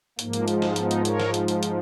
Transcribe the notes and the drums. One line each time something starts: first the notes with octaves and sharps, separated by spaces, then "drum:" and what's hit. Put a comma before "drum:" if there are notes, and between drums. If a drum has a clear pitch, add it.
G#2 F3 A#3, drum: hi-hat
drum: hi-hat
G#3, drum: hi-hat
drum: snare
B3 D#4, drum: hi-hat
drum: hi-hat
A#4 C#5, drum: hi-hat
drum: snare
drum: hi-hat
drum: hi-hat
drum: hi-hat